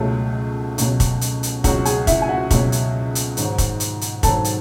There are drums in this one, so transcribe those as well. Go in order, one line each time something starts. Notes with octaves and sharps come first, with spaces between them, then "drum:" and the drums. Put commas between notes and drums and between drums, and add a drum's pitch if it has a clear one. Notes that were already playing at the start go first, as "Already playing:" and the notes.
Already playing: C#2 B2 F#3 A3 A4
C#2 B2 F#3, drum: hi-hat
drum: kick, hi-hat
drum: hi-hat
drum: hi-hat
C#2 B2 F#3 F#4 F#5, drum: kick, hi-hat
G#4 G#5, drum: hi-hat
E4 E5, drum: kick, hi-hat
G#5
F#4 F#5
C#2 B2 F#3, drum: kick, hi-hat
drum: hi-hat
drum: hi-hat
G#2 D#3 F#3, drum: hi-hat
drum: kick, hi-hat
drum: hi-hat
drum: hi-hat
G#2 D#3 F#3 A4 A5, drum: kick, hi-hat
drum: hi-hat